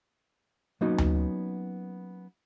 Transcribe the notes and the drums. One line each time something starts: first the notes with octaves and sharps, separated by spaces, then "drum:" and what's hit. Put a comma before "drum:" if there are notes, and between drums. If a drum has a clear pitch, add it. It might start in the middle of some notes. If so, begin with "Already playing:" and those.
F#3 A#3 B3 C#4 D#4 F#4
drum: tom D2